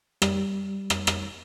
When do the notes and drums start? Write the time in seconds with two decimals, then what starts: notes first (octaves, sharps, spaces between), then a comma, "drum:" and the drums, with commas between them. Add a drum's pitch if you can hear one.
0.22 G3, drum: rim click
0.90 drum: rim click
1.07 drum: rim click